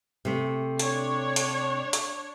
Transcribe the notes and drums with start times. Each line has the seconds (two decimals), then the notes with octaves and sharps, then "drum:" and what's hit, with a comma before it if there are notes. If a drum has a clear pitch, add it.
0.25 C3 A3
0.79 D4 C#5, drum: hi-hat
1.36 drum: hi-hat
1.93 drum: hi-hat